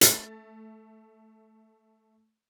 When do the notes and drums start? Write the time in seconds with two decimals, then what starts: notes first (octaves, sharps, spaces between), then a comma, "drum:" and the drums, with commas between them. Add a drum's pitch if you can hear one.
0.01 A3 A6, drum: hi-hat